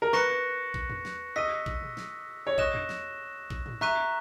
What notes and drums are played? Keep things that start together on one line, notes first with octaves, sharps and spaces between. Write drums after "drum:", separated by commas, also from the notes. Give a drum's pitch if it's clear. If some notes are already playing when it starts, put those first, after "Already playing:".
A#4
B4 C#6 F#6 A#6 C#7 E7, drum: snare
drum: kick
drum: tom E2
drum: snare
D#5 E6 B6 D#7
drum: kick
drum: tom A#2
drum: snare
C#5
D#5 C#6 F#6 A#6 E7, drum: kick
drum: tom E2
drum: snare
drum: kick
drum: tom G#2
E5 A#5 C#6 F#6 B6 D#7, drum: snare